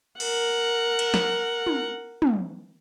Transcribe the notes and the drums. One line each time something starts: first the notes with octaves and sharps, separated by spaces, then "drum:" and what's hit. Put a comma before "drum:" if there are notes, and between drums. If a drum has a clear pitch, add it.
A#4 F#5, drum: cymbal
drum: cymbal
drum: snare
drum: tom
drum: tom